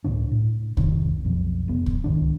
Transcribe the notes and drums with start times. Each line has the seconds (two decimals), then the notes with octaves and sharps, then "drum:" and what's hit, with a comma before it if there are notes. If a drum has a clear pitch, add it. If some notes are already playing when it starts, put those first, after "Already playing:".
0.04 C#2 A2 C#3 D4
0.31 A2
0.77 F2 G#2 C3 D#3, drum: kick C2
1.25 B1 F2
1.68 F1 B3
1.86 drum: kick C2
2.04 C#2 G#2 D#3 D4